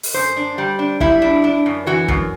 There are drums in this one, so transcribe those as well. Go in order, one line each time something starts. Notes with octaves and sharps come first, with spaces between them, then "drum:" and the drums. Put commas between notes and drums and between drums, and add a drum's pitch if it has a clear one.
drum: open hi-hat
F#2 C5
D4
G3
D4
G3 E4, drum: kick
D4
D4
F#2
E3 F#4
F#2, drum: kick